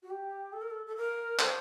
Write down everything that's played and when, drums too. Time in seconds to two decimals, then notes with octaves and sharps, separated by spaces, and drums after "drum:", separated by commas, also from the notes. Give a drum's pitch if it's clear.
0.03 F#4
0.10 G4
0.53 A4
0.62 A#4
0.70 A4
0.87 A4
0.96 A#4
1.39 C5, drum: clap